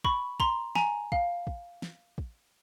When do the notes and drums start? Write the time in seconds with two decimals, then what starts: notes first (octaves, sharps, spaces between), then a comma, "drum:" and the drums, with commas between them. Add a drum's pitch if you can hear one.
0.04 B5 C#6, drum: kick
0.40 A#5 C6, drum: kick
0.75 G#5 A#5, drum: snare
1.12 F5, drum: kick
1.47 drum: kick
1.82 drum: snare
2.18 drum: kick